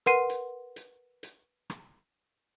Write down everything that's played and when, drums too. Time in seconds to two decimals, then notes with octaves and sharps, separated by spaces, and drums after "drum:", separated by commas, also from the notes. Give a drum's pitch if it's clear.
0.06 A#4 B4 F#5 C6 C7 D#7, drum: rim click
0.29 drum: hi-hat
0.76 drum: hi-hat
1.23 drum: hi-hat
1.70 drum: rim click